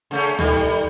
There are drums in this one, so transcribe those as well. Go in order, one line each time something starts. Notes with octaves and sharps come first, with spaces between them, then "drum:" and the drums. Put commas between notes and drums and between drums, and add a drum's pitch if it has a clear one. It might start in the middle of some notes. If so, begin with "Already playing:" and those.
C#3 A3 C#4
D#3 G3 A4, drum: tom D2